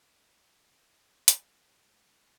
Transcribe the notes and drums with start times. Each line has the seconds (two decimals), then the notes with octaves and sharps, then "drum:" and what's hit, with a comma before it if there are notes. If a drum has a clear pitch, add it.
1.28 C4, drum: hi-hat
1.73 G#3